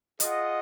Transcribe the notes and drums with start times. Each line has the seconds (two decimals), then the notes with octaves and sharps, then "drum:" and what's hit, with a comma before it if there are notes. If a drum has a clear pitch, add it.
0.20 F4 G#4 D#5 F#5, drum: hi-hat